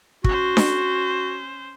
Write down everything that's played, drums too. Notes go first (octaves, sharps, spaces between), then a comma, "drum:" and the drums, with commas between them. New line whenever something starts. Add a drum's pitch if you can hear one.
C#4 F#4 C5, drum: kick
drum: snare D4